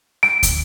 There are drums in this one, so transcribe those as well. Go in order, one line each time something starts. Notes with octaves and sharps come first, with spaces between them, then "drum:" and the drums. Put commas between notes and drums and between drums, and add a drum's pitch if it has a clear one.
D7, drum: rim click
drum: kick, hi-hat